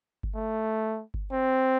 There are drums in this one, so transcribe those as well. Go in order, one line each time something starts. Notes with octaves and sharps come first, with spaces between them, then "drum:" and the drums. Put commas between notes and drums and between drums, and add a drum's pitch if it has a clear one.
drum: kick G1
A3
drum: kick G1
C4